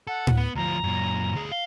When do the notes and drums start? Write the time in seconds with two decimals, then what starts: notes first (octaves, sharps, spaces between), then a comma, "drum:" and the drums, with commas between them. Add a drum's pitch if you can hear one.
0.07 A4 F#5
0.27 drum: tom A2
0.37 B3
0.55 D2 F3 A#5
0.84 F#2 A#2
1.34 D2 G#4
1.52 F5 G7